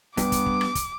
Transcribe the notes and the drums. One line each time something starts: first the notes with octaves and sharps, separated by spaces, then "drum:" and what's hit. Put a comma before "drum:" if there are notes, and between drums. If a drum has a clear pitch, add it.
G2 B3 D6, drum: kick, hi-hat
drum: kick, hi-hat
drum: kick
drum: rim click
drum: kick, hi-hat